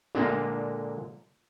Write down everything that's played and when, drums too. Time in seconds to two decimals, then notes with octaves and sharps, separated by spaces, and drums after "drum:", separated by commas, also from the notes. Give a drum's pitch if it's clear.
0.15 A#2 D3 G#3 A#3, drum: tom G#3